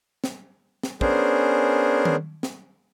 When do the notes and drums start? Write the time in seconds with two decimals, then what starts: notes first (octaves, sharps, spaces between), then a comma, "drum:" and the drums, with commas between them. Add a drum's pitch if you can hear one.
0.24 drum: snare
0.83 drum: snare
1.01 B3 C#4 D4 G#4 A#4 C5, drum: kick
2.05 drum: tom D#3
2.43 drum: snare